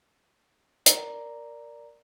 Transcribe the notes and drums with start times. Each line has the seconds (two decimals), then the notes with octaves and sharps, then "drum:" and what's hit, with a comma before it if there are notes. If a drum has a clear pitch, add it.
0.86 A#4 D5 A#5, drum: hi-hat